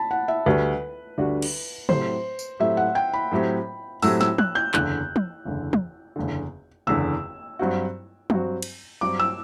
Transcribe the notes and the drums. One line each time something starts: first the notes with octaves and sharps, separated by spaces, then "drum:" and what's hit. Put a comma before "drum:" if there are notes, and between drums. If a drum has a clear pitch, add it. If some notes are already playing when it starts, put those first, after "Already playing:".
Already playing: A5 B5
F#5
E5
D2 D3 G3 D4 F#4 B4
D2 D3 G3 D4 F#4
drum: cymbal
A2 F#3 A3 C4 G4 C5, drum: tom
drum: tambourine
A2 F#3 A3 C4 G4 E5
F#5
G5
B5
A2 F#3 A3 C4 G4
A2 F#3 A3 C4 G4 E6, drum: open hi-hat
E6, drum: snare
F#6, drum: tom
G6
F#1 E2 D3 F#6, drum: clap
drum: tom
F#1 E2 D3
drum: tom
F#1 E2 D3
F#1 E2 D3 E6
G2 F#3 C4 F#4
G2 F#3 C4 F#4, drum: tom
drum: cymbal
G2 F#3 C4 F#4 D6
E6